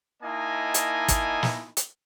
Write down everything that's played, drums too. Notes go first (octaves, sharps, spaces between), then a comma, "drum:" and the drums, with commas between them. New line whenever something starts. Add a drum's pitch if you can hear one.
A#3 D#4 E4 D#5 G#5 A5
drum: hi-hat
drum: kick, hi-hat
drum: snare
drum: hi-hat